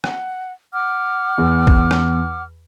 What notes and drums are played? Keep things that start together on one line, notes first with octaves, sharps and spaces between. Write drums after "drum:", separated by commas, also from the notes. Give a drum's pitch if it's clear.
F#5, drum: rim click
F#5 D6 F6
E2
drum: kick
drum: rim click